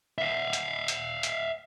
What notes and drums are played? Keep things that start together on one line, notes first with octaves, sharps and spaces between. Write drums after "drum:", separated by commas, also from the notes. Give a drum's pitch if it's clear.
E5 F5
drum: hi-hat
drum: hi-hat
drum: hi-hat